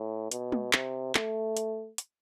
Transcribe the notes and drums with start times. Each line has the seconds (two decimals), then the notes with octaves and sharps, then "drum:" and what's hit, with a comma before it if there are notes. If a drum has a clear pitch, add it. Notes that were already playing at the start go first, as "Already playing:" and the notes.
Already playing: A2
0.32 B2, drum: hi-hat
0.52 drum: tom
0.73 C3, drum: clap
1.15 A3, drum: clap
1.57 drum: hi-hat
1.98 drum: hi-hat